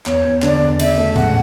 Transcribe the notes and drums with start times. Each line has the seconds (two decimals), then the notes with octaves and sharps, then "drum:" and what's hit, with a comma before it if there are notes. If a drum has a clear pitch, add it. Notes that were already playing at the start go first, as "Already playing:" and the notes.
0.06 E2 C#5, drum: clap
0.25 E2
0.42 D3 D5, drum: clap
0.61 E2
0.79 C#3 E5, drum: cymbal
0.98 A3
1.16 C#3 F#5, drum: tom A2